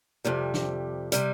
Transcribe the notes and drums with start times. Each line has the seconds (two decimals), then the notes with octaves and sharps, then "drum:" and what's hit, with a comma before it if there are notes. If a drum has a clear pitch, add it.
0.25 F2 C3 G3
0.54 drum: snare
1.12 C3 G3, drum: hi-hat